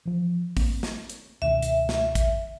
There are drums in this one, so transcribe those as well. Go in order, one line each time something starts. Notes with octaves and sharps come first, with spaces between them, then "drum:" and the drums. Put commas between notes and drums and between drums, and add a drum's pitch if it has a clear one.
E3 F3
A#3 C4, drum: kick, open hi-hat
drum: snare
drum: hi-hat
C#2 B2 D#3 E5
drum: hi-hat
drum: snare
drum: kick, hi-hat